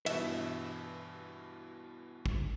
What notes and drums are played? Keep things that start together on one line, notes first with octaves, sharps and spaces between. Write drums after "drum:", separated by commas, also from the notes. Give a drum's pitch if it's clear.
G2 B2 E3 E5, drum: cymbal
drum: kick